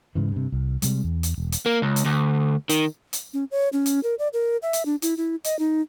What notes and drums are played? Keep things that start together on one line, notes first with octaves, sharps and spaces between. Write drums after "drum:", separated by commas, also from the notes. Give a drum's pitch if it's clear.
G#2 C#3 E3
G2 C3
C2
C3 G3 G#3, drum: hi-hat
E2
drum: hi-hat
E1
drum: hi-hat
A#3
C#2
drum: hi-hat
D2
D#3, drum: hi-hat
drum: hi-hat
C#4
C#5
C#4
drum: hi-hat
A#4
D5
A#4
E5
drum: hi-hat
D4
E4, drum: hi-hat
E4
D#5, drum: hi-hat
D#4